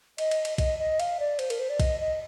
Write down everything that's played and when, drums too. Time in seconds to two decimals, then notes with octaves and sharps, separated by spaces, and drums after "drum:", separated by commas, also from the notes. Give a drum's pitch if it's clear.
0.18 D#5, drum: cymbal
0.31 drum: cymbal
0.45 drum: cymbal
0.58 D#5, drum: kick, cymbal
0.79 D#5
1.00 F5, drum: cymbal
1.20 D5
1.39 C5, drum: cymbal
1.50 A#4, drum: cymbal
1.60 C5
1.70 D5
1.80 D#5, drum: kick, cymbal
2.01 D#5